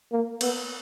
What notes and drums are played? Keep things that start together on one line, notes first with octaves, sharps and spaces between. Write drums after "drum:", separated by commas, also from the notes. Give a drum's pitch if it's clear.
A#3
B3, drum: cymbal